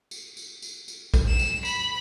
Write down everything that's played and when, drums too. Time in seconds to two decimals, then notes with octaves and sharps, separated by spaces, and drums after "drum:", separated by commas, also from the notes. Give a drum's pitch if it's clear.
0.11 drum: tambourine
0.37 drum: tambourine
0.62 drum: tambourine
0.88 drum: tambourine
1.14 drum: kick A#1, tambourine
1.28 E7
1.39 drum: tambourine
1.65 B5, drum: tambourine